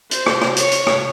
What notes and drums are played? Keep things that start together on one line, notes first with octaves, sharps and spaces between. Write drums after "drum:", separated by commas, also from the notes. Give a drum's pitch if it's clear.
C5, drum: hi-hat
drum: rim click
drum: rim click
C#5, drum: hi-hat
drum: hi-hat
drum: rim click